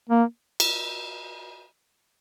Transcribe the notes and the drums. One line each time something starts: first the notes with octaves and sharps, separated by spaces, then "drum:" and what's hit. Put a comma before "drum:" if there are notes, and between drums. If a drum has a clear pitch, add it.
A#3
drum: cymbal